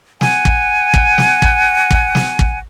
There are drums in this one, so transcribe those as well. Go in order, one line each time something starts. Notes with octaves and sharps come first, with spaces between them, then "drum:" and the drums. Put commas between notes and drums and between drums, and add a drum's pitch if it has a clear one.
F#5 G#5, drum: snare
drum: kick
drum: kick
drum: snare
drum: kick
drum: kick
drum: snare
drum: kick